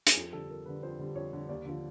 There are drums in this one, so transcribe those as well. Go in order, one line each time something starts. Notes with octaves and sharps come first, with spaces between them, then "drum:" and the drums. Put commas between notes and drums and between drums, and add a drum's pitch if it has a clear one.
G#4, drum: hi-hat
F2 A4
D3 G3 A4
F2 A#4
D3 G3 B4
F2 C5
D3 G3
F2 C#5
D3 G3
D#2 D5
D3 F3